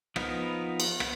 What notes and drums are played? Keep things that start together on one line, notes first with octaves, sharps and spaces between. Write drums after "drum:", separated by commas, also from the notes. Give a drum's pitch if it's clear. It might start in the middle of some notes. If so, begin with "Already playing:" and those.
F3 B3 D#4 A#4, drum: rim click
drum: cymbal
B3, drum: rim click